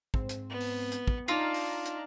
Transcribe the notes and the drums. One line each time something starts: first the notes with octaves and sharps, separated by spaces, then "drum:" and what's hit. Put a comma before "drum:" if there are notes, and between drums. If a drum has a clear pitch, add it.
G#2 C4, drum: kick
drum: hi-hat
B3
drum: open hi-hat
drum: hi-hat
drum: kick
D4 D#4 F4 F5 A#5
drum: open hi-hat
drum: hi-hat